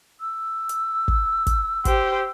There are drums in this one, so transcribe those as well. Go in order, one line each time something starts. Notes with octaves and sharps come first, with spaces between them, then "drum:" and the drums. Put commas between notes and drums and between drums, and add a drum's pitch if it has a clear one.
E6
drum: hi-hat
drum: kick
drum: kick, hi-hat
G4 C5, drum: kick, hi-hat